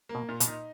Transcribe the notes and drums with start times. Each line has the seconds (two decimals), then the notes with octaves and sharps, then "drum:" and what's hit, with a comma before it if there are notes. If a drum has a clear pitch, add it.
0.09 A#3
0.15 B2
0.29 A#2
0.40 B2, drum: hi-hat
0.47 D#4